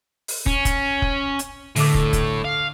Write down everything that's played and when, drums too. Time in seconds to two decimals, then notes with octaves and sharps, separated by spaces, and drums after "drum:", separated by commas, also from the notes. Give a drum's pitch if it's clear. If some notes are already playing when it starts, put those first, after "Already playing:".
0.28 drum: open hi-hat
0.46 C#4, drum: kick
0.65 drum: kick, hi-hat
1.02 drum: kick
1.39 drum: hi-hat
1.76 A2 D3 A4 D6, drum: open hi-hat
1.94 drum: kick
2.13 drum: kick, hi-hat
2.45 F5